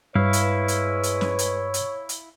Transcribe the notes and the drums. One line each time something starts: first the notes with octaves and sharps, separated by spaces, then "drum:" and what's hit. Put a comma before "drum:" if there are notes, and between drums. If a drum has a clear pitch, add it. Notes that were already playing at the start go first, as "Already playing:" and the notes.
G2 G#3 E4 B4 C#5 F5
drum: hi-hat
drum: hi-hat
drum: hi-hat
drum: snare
drum: hi-hat
drum: hi-hat
drum: hi-hat